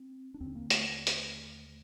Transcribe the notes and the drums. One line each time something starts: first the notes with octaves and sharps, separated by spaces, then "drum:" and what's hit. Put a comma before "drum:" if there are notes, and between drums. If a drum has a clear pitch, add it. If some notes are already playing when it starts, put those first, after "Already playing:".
Already playing: C4
D4
D#2 D3 C4
A#3
A3, drum: hi-hat
drum: hi-hat